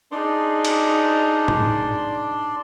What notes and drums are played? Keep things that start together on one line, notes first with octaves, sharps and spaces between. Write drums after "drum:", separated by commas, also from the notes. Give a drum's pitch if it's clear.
D4 D#4 G#4 D5 C6
drum: cymbal
drum: tom